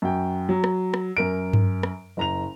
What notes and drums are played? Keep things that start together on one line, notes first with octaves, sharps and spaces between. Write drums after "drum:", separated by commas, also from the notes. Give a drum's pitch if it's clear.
F#2 F#4 G5
F#3
drum: rim click
drum: rim click
F#2 A#4 D7
drum: tom G2
drum: rim click
F#1 A#5 F7